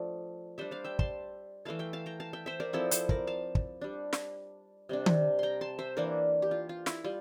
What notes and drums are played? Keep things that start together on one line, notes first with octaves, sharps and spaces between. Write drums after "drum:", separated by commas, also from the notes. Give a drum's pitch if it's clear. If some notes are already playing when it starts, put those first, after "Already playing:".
Already playing: F3 A3 D4
G3 D4 C5 E5
D5 F5
E5 G5
A5 C6, drum: kick
E3 A3 E4 F5 A5
E5 G5
F5 A5
G5 A#5
F5 A5
E5 G5
C5 E5
A#4 D5
F3 C4 E4 F4 A4
A4 C5, drum: hi-hat
A#4 D5, drum: kick
F5 A5
drum: kick
G3 D4
drum: snare
C3 G3 D4
drum: tom D#3
G5 A#5 C6
A5 C6
C5 E5
E3 A#3 D4 A#4 D5
G4
F4
F4
E4, drum: snare
G3 F4